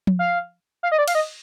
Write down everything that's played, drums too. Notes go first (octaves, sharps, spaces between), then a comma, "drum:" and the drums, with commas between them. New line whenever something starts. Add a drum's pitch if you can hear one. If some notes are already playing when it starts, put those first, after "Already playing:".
drum: tom F3
F5
F5
D#5
D5
F5, drum: cymbal
D#5